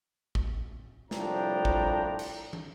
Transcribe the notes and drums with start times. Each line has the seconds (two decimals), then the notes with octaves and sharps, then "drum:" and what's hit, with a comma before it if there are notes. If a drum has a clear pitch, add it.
0.35 drum: kick
1.11 C2 A2 F3 D4 G5 A#5, drum: snare
1.65 drum: kick
2.19 drum: cymbal
2.53 drum: tom